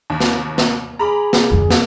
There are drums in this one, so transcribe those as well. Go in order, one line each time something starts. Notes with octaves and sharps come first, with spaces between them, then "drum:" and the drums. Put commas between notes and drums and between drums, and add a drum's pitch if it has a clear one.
D#2
drum: snare
drum: snare
G#4 A#5 B5 D6
drum: snare
F2 D3
drum: snare